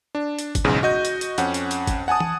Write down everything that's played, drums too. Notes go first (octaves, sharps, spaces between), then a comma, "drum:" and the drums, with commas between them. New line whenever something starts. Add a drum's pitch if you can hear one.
D4
drum: hi-hat
drum: kick, hi-hat
B1 E2 G#2 C#3
F#4 D#5 G6
drum: hi-hat
drum: hi-hat
F2 C#4 F#5, drum: hi-hat
drum: hi-hat
drum: hi-hat
drum: kick, hi-hat
F#5 G#5 A5 D#6
drum: tom